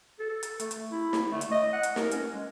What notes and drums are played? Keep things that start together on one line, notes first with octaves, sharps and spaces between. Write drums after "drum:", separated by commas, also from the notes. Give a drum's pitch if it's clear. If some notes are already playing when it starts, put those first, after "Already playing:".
A4
drum: hi-hat
A3, drum: hi-hat
drum: hi-hat
E4
drum: snare
A3
drum: hi-hat
D#5
F#5
drum: hi-hat
A#4, drum: snare
C#4, drum: hi-hat
G#3